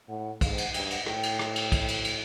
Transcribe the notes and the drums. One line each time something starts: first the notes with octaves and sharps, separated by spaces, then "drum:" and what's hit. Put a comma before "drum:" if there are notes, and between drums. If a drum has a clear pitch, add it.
A2 F#5
G#2 F5, drum: kick, cymbal
G5
F#5, drum: cymbal
G2 G5, drum: cymbal
F#5, drum: cymbal
A2 G5, drum: rim click
drum: cymbal
drum: rim click
drum: cymbal
drum: kick, cymbal
drum: cymbal
drum: cymbal